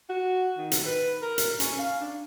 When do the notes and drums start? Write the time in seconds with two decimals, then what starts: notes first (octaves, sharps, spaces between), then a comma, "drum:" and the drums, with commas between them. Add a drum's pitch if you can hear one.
0.10 F#4
0.58 D#3
0.72 drum: hi-hat
0.86 B4
1.22 A#4
1.38 drum: hi-hat
1.60 C#4, drum: hi-hat
1.79 F5
2.01 D4